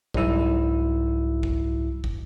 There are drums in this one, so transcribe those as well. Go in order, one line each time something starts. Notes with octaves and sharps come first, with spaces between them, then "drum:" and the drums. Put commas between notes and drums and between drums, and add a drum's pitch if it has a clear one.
C2 G#2 F#3 E4 E6, drum: kick
drum: kick
drum: kick